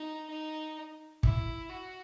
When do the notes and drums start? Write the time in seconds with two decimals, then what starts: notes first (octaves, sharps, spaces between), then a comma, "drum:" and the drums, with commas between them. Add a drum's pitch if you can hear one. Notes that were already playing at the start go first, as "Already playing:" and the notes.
Already playing: D#4
0.29 D#4
1.23 E4, drum: kick
1.69 F#4